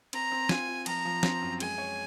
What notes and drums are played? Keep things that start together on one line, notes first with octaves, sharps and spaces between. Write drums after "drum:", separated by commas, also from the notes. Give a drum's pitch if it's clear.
C4 A#5, drum: cymbal
C4
F4 G#5, drum: snare
F4
F3 A#5, drum: cymbal
F3
C4, drum: snare
F#2
G#3 G#5, drum: cymbal
C#5